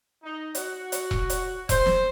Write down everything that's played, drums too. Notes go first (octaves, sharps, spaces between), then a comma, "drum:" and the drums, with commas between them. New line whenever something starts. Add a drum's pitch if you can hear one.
D#4
F#4, drum: hi-hat
drum: hi-hat
drum: kick E1
drum: hi-hat
C5, drum: kick E1, hi-hat
drum: snare